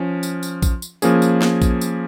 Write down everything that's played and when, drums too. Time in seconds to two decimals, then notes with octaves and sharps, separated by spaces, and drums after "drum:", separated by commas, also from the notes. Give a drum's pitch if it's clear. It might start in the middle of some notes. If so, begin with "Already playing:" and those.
Already playing: F3 C#4
0.23 drum: tambourine
0.43 drum: tambourine
0.62 drum: kick A#1, tambourine
0.82 drum: tambourine
1.02 F3 A#3 C#4 G#4, drum: tambourine
1.22 drum: tambourine
1.42 drum: snare
1.62 drum: kick A#1, tambourine
1.81 drum: tambourine